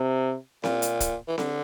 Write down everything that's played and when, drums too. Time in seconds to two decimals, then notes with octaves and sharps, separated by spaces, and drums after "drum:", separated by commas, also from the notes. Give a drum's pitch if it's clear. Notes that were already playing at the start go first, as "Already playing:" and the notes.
Already playing: C3
0.64 A#2, drum: snare C4
0.82 drum: hi-hat
1.00 drum: kick, hi-hat
1.27 E3
1.38 D3, drum: snare C4